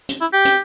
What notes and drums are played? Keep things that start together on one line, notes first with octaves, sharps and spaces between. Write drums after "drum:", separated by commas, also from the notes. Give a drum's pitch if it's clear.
drum: hi-hat
E4
G4
drum: hi-hat